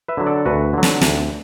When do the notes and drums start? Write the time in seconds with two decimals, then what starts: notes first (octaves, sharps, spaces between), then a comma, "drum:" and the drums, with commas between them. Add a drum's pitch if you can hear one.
0.08 B4 E5
0.17 D3 F#3
0.27 A4 D5
0.45 D2 F#4 B4
0.73 D3 F#3
0.83 drum: snare
1.01 D2, drum: snare